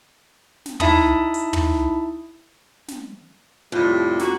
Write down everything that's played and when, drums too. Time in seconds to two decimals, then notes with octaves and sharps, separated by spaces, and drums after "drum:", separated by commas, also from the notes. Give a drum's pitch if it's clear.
0.66 drum: snare
0.80 D#4 E4 E5 A5 B5 D#6, drum: tom
1.34 drum: hi-hat
1.53 drum: tom
2.88 drum: snare
3.72 F2 A2 C3 G3
4.19 A#3 F#4, drum: snare